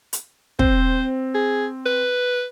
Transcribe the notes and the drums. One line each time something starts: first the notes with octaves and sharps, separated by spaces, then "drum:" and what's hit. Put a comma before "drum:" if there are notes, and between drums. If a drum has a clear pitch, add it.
drum: hi-hat
C4 C5, drum: kick
G#4
B4